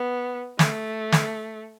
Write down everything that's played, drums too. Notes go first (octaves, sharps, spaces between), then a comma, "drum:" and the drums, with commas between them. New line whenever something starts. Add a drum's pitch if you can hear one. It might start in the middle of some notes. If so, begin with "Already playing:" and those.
Already playing: B3
A3, drum: snare
drum: snare